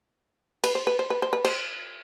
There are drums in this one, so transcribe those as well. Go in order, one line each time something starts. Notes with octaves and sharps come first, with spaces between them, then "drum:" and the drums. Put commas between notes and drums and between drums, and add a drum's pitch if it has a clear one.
B4, drum: cymbal
C5
B4
C5
B4
C5
B4
C5, drum: cymbal